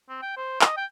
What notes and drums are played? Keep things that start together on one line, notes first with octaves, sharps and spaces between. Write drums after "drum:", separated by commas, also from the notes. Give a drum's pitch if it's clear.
C4
G5
C5
D#5, drum: clap
G5